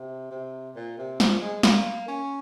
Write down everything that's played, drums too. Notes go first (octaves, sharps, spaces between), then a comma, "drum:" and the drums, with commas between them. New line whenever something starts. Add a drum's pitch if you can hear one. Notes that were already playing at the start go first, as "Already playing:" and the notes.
Already playing: C3
C3
A#2
C3
F3, drum: snare
G#3
A#3, drum: snare
C#4